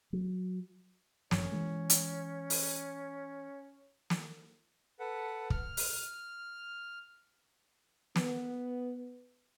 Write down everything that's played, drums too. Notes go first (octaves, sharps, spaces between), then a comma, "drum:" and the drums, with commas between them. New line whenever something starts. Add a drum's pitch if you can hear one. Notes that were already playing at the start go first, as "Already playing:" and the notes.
F#3
G#1 G2 F3 C#4, drum: snare
E3 G#3
drum: hi-hat
drum: open hi-hat
drum: snare
A4 B4 F#5
F6, drum: kick
drum: open hi-hat
B3, drum: snare